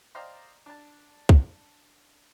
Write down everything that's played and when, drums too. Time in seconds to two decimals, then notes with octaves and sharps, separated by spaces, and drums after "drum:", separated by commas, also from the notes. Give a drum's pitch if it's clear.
0.15 C5 D5 D#5 F5 G5 A#5
0.66 D4 A5
1.29 drum: kick